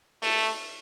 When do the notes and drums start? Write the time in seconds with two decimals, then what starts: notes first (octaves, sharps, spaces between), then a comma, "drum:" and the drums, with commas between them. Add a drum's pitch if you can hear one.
0.22 A3, drum: open hi-hat